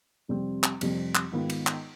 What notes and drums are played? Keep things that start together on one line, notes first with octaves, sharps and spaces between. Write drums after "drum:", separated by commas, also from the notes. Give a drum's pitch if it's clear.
F2 C3 G3 C4
drum: clap
F2 C3 G3 C4, drum: cymbal
drum: clap
G#2 D#3 B3 F4
drum: cymbal
drum: clap